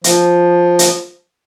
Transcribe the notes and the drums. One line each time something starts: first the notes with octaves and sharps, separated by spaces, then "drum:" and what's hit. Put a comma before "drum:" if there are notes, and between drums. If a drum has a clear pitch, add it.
F3, drum: hi-hat
drum: hi-hat